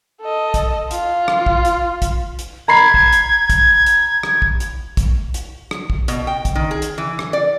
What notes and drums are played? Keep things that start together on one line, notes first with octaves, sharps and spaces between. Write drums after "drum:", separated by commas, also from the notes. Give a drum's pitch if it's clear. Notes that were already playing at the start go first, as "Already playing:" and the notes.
A4 D#5
drum: kick, hi-hat
F4, drum: hi-hat
drum: rim click
drum: kick
drum: hi-hat
drum: kick, hi-hat
drum: hi-hat
A#5 B5 G#6 C7
drum: kick
drum: hi-hat
drum: kick, hi-hat
drum: hi-hat
drum: rim click
drum: kick
drum: hi-hat
drum: kick, hi-hat
drum: hi-hat
drum: rim click
drum: kick
B2, drum: hi-hat
G5
drum: kick, hi-hat
D#3
G#4
drum: hi-hat
E3
drum: rim click
D5